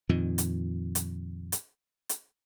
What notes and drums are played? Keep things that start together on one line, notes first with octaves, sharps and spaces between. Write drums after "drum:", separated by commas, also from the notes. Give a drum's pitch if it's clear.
F2 A#2 D#3
drum: hi-hat
drum: hi-hat
drum: hi-hat
drum: hi-hat